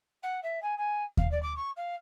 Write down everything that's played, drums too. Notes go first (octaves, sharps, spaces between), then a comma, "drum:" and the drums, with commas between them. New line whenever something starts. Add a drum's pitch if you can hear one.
F#5
E5
G#5
G#5
F5, drum: kick D#2
D5
D6
C#6
F5